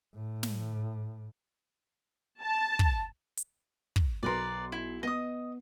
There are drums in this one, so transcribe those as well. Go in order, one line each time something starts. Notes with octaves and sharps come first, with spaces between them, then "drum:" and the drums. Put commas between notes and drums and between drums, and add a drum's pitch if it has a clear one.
A2
drum: snare
A5
drum: kick
drum: hi-hat
drum: kick
B1 A#4 B4 D5 C6
E4
B3 D#5 D#6